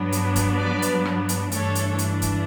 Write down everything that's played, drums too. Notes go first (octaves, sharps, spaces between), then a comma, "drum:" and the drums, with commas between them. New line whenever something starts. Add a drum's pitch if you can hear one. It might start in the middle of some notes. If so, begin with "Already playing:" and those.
Already playing: G2 F#3 B3 D4
drum: hi-hat
drum: kick, hi-hat
B4 D5
drum: hi-hat
drum: rim click
drum: hi-hat
G2 E3 A3 D4 A4 C#5, drum: hi-hat
drum: hi-hat
drum: hi-hat
drum: kick, hi-hat